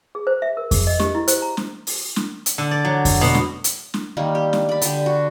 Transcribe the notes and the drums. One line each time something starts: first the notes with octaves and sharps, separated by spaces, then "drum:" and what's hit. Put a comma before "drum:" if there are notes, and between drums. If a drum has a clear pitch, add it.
G#4
C5
E5
A#4
G#4, drum: kick F2, open hi-hat
D#5
G4, drum: snare
E4
C5, drum: hi-hat
A#5
drum: snare
drum: open hi-hat
drum: snare
drum: hi-hat
D3
D5
F#3
drum: kick F2, open hi-hat
B2
drum: snare
drum: hi-hat
drum: snare
D#3 G3 A#3
G4
drum: snare
D5 B5
D3 G4, drum: hi-hat
F#4